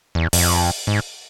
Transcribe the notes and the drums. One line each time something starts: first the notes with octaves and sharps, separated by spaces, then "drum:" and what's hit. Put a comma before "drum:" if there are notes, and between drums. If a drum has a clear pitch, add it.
E2
F2, drum: open hi-hat
G#2